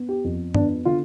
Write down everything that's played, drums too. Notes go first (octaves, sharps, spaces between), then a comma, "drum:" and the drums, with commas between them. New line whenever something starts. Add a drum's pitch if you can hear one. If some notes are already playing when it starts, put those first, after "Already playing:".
Already playing: B3
G4
F2
B3 D4, drum: tom G2
D3 F4